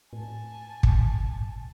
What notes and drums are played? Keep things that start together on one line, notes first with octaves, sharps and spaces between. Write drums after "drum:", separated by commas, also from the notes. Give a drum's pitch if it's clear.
A2 G#5 A5
drum: kick